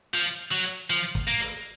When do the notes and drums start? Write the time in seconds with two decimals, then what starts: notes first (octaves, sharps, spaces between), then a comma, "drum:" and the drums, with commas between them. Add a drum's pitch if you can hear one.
0.14 F3, drum: hi-hat
0.52 F#3
0.64 drum: hi-hat
0.90 F3, drum: hi-hat
1.15 drum: kick, hi-hat
1.27 A#3
1.40 drum: open hi-hat